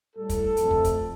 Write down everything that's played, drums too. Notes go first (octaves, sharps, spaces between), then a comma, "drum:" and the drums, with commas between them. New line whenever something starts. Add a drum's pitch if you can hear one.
A2 G3 A4
drum: kick, hi-hat
F2 C3 A3, drum: hi-hat
drum: kick
drum: kick, hi-hat